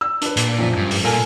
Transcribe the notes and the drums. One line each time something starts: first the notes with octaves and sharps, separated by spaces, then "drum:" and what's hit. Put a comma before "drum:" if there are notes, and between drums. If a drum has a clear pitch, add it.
E6
D4 B4, drum: hi-hat
A#2, drum: hi-hat
F#1 F3 B6
G2
drum: open hi-hat
A#2 F4 A4 A#4 G#5